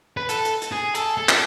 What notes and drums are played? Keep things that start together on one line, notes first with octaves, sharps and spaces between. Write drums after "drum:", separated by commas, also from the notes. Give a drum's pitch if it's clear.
B4
A4, drum: hi-hat
drum: hi-hat
drum: hi-hat
G#4
A4, drum: hi-hat
A4
drum: clap